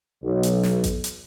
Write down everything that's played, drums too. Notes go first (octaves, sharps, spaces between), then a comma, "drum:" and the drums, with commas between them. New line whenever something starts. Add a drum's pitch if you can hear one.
B1
drum: hi-hat
drum: snare
drum: kick A1, hi-hat
drum: hi-hat